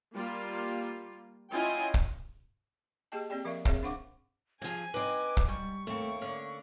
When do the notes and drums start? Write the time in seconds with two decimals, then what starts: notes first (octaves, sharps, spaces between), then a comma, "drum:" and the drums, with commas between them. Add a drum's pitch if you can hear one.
0.14 G3 A#3 F4
1.52 C#4 E4 F4 D#5 G5 G#5
1.94 drum: kick
3.12 A#3 G4 G#4 D#5 G5 A5
3.30 A#3 C4 G4 D5 G5
3.45 F3 A#4 D5 E5 F5 C#6
3.65 C4 G#4 C#5 E5 F5, drum: kick
3.83 D4 C5 F5 F#5 C#6 D6
4.62 G2 F3 C4 G#4 G#5 G#6
4.94 C4 D#4 B4 D5 D#5 D6
5.37 drum: kick
5.48 G#2 G3 C#6
5.87 D#2 A3 A#3 C4
6.22 D3 C#4 F5